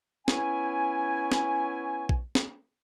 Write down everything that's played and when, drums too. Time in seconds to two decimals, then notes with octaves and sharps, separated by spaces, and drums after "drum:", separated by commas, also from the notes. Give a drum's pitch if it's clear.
0.28 B3 C#4 E4 C#5 G#5, drum: snare
1.32 drum: snare
2.09 drum: kick A#1
2.35 drum: snare